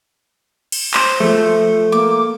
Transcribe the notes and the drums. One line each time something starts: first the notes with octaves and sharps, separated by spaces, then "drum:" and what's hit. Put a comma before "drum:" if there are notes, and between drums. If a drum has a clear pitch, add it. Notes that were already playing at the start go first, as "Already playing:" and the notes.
drum: cymbal
C5, drum: clap
F3 A3
A#3 D6